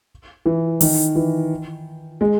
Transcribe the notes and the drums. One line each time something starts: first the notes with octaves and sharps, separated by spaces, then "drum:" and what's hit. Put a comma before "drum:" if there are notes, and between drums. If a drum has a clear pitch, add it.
E3
D#3, drum: open hi-hat
E3
G#3